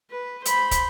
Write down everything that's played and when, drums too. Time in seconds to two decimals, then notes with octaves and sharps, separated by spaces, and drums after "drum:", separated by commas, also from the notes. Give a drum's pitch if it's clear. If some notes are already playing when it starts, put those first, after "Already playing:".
0.11 B4
0.45 C5 B5, drum: hi-hat
0.71 drum: kick, hi-hat